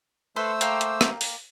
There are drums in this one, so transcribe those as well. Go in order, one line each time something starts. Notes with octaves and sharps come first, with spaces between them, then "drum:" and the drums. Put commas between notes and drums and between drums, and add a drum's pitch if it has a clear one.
A3 A4 B4 C5 C6 E6
A#3 F5 G5, drum: hi-hat
drum: hi-hat
drum: rim click
drum: open hi-hat